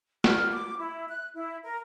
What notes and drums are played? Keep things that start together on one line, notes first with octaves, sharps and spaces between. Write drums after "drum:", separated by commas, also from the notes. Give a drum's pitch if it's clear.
F6, drum: snare
D6
E4
F#6
E4
A#4